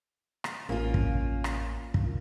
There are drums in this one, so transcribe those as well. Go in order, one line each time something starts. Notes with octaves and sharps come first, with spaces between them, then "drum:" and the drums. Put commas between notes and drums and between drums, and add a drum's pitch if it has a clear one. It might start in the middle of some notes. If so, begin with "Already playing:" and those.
drum: rim click
A1 A#3 C#4 F4
drum: kick
drum: rim click
drum: kick